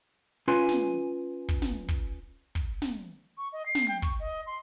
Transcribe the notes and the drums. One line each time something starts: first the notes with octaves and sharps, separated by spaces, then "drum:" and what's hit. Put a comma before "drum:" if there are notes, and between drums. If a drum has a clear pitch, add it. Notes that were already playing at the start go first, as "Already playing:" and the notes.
C#4 F4 B4 G#5 C6
drum: snare
drum: kick
drum: snare
drum: kick
drum: kick
drum: snare
C#6
D#5
C7
drum: snare
G5
C#6, drum: kick
D#5
C6